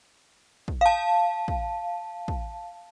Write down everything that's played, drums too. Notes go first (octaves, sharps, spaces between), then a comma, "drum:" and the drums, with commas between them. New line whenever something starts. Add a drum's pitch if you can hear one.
drum: kick
F5 A5
drum: kick
drum: kick